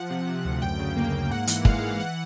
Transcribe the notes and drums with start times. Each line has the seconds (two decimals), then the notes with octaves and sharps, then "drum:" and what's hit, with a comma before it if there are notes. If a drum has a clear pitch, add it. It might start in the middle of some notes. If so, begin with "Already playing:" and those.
Already playing: F3 F#5
0.10 C3
0.28 C3
0.45 D2
0.62 F#2 G5
0.79 C#3
0.97 A#3
1.14 A#3
1.30 G#2 F#5
1.47 E3, drum: hi-hat
1.65 G#3 F5, drum: kick
1.82 G#2
1.99 E3 F#5